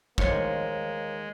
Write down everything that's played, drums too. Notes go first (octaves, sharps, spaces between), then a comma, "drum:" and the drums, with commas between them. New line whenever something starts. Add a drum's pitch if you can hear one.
D#2 G#3 A#3 F4 C5 C#5, drum: kick